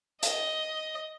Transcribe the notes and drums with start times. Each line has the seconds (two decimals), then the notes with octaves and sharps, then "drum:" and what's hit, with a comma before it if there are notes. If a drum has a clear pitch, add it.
0.23 D#5, drum: hi-hat